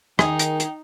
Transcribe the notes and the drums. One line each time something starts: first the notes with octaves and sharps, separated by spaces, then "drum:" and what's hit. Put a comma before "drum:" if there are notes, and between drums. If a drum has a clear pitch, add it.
D#3 D#4 G#4 G5, drum: rim click
drum: hi-hat
drum: hi-hat